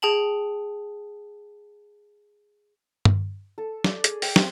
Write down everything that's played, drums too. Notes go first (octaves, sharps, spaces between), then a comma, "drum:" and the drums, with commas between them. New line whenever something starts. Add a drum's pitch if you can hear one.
G#4 G5 A5 F#7
drum: tom G2
A4
D5, drum: snare
G#4, drum: hi-hat
G5, drum: open hi-hat
C4, drum: snare